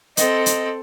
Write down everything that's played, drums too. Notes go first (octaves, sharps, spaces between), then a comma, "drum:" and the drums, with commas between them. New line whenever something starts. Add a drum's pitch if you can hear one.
C4 A4 D#5, drum: hi-hat
drum: hi-hat